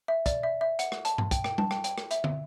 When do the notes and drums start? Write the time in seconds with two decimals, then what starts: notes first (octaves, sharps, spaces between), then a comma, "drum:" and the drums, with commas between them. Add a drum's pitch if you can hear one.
0.08 E5
0.26 D5, drum: kick, hi-hat
0.43 E5
0.61 E5
0.79 F#5, drum: hi-hat
0.92 drum: rim click
1.05 A5, drum: hi-hat
1.18 drum: tom G2
1.31 G5, drum: kick, hi-hat
1.44 G5, drum: rim click
1.58 A5, drum: tom G3
1.71 G5, drum: rim click
1.84 G5, drum: hi-hat
1.98 drum: rim click
2.11 E5, drum: hi-hat
2.24 drum: tom